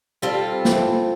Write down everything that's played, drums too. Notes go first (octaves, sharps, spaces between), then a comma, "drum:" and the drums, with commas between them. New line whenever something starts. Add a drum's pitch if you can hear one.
G3 C4 F4 A4
drum: snare